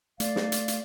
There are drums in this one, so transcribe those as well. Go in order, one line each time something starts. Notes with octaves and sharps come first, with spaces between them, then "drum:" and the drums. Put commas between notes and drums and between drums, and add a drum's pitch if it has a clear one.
A3 D5 F5, drum: hi-hat
drum: snare
drum: hi-hat
drum: hi-hat